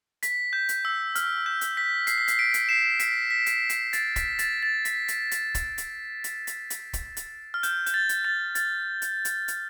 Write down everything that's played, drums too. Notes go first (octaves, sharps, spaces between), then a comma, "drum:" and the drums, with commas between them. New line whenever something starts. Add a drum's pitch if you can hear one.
B6, drum: hi-hat
G6
drum: hi-hat
E6
F6, drum: hi-hat
G6
drum: hi-hat
B6
C7, drum: hi-hat
B6
C7, drum: hi-hat
B6 D7
drum: hi-hat
C7 E7
B6 D7, drum: hi-hat
B6
drum: hi-hat
drum: hi-hat
A6, drum: hi-hat
B6, drum: kick, hi-hat
A6, drum: hi-hat
A6
B6, drum: hi-hat
drum: hi-hat
drum: hi-hat
drum: kick, hi-hat
drum: hi-hat
drum: hi-hat
drum: hi-hat
drum: hi-hat
drum: kick, hi-hat
drum: hi-hat
F6
G6, drum: hi-hat
G6, drum: hi-hat
A6
drum: hi-hat
A6
A6, drum: hi-hat
drum: hi-hat
drum: hi-hat
drum: hi-hat